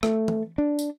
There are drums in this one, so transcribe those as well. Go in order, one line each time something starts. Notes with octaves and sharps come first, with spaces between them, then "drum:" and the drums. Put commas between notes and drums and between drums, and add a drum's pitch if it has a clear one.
A3, drum: rim click
drum: tom E3
D4
drum: tambourine